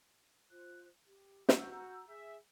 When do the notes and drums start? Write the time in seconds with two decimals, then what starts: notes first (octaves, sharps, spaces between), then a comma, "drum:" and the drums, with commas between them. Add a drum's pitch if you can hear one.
0.51 F4 C5 F#6
1.08 G4
1.49 F#4 A#5 E6 G6, drum: snare
2.08 G#4 E5